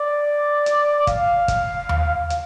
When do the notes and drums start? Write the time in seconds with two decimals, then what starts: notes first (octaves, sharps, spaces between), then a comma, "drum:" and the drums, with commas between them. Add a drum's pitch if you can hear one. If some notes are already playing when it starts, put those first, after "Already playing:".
Already playing: D5
0.66 drum: hi-hat
1.07 F5, drum: kick, hi-hat
1.48 drum: kick, hi-hat
1.89 drum: tom D#2
2.30 drum: hi-hat